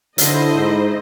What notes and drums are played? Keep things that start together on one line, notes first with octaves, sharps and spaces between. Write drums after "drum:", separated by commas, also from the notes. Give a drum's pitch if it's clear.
D3 E4 C5 D#5, drum: hi-hat
G#2